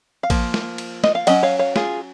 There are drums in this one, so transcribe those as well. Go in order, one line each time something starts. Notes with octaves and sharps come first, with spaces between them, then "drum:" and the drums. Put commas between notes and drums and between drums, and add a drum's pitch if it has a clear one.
F5
F3 A#3, drum: kick, cymbal
drum: snare
drum: cymbal
D#5, drum: snare
F5
F#3 C#4 D#5 F#5, drum: cymbal
C#5 F5
C#5 F5
F4 G#4, drum: snare